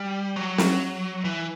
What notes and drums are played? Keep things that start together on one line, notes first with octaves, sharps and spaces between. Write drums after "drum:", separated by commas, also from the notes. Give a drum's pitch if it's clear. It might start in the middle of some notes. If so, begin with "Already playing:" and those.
Already playing: G3
F#3
drum: snare
E3